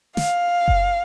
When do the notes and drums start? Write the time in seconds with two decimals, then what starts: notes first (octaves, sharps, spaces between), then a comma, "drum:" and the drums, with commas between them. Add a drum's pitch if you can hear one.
0.17 F5, drum: snare
0.68 drum: kick F#1